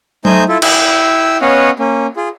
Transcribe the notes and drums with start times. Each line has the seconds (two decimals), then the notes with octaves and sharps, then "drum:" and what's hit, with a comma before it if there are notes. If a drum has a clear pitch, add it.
0.25 A3 D#4 C5 D#5 G#5 G6, drum: tom F#3
0.49 E4 F4 A4
0.62 E4 G5 E6, drum: cymbal
1.41 B3 C#4 C#5 D#5 F5 F#5
1.79 A#3 C#4
2.16 F4 G#4